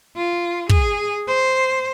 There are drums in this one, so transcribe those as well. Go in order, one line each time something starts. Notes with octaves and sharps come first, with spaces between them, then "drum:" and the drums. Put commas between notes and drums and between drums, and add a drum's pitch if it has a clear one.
F4
G#4, drum: kick
C5